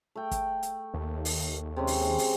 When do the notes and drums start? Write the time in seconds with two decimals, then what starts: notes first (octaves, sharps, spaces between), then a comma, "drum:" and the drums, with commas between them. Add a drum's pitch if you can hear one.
0.15 A3 G5
0.31 drum: kick, hi-hat
0.63 drum: hi-hat
0.94 D#2
1.25 drum: open hi-hat
1.76 C3 G#3 C#4
1.87 drum: open hi-hat
2.18 drum: open hi-hat